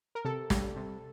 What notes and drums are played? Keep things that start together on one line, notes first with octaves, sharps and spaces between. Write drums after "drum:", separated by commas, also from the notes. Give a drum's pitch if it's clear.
A#4
C3 A4
G3, drum: snare
C3